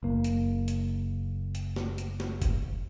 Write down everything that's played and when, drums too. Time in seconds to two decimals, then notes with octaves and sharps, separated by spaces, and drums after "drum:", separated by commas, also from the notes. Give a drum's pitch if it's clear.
0.03 F#1 A#3
0.24 drum: hi-hat
0.68 drum: hi-hat
1.55 drum: hi-hat
1.76 drum: snare
1.98 drum: hi-hat
2.20 drum: snare
2.42 drum: kick F1, hi-hat